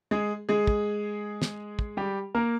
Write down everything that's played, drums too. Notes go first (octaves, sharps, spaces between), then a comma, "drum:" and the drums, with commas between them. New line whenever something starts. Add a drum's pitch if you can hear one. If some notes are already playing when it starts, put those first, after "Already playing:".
G#3 G#4
G#3 G#4
drum: kick
drum: snare
drum: kick
G3 G4
A#3 A#4